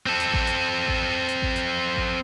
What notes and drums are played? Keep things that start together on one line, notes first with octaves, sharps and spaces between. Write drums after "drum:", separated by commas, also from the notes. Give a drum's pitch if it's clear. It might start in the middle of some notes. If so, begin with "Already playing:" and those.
C4 A4
drum: hi-hat
drum: kick A1
drum: hi-hat
drum: kick A1
drum: hi-hat
drum: kick A1
drum: hi-hat
drum: kick A1